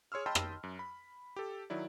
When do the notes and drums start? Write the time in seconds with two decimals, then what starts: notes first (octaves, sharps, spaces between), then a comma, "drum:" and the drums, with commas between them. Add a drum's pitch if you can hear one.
0.12 G#4 C#5 C6 E6 F6
0.26 D#5 G5 A5 B5 C6 E6
0.35 drum: rim click
0.63 F#2
0.79 B5
1.36 G4 A4
1.70 D#3 F#3 E4 D5